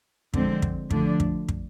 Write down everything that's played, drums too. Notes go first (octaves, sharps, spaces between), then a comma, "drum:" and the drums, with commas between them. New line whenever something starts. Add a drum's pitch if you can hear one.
D3 F3 G#3 C4, drum: kick
drum: kick
D3 F3 A3 D4, drum: kick
drum: kick
drum: kick